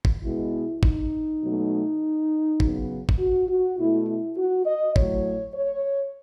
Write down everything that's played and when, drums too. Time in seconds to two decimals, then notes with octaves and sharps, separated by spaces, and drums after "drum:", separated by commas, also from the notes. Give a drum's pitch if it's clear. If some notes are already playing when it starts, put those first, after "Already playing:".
0.05 drum: kick
0.23 B2 G#3 B3 E4
0.83 D#4, drum: kick
1.42 B2 F#3 A3
2.60 C#3 F#3 B3, drum: kick
3.09 drum: kick
3.18 F#4
3.48 F#4
3.78 B2 A3 E4
4.07 E4
4.37 F#4
4.66 D#5
4.96 A2 F#3 A3 C#5, drum: kick
5.55 C#5